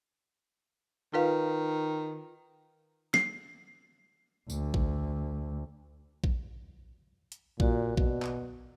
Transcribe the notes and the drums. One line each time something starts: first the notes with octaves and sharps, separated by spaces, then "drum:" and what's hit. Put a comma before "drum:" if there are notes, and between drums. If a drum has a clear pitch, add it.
D#3 F4 B4 F5
C7, drum: snare
D2, drum: tambourine
drum: kick A#1
drum: kick A#1
drum: hi-hat
A#2 F#4 D5, drum: kick A#1
B2, drum: kick A#1
drum: clap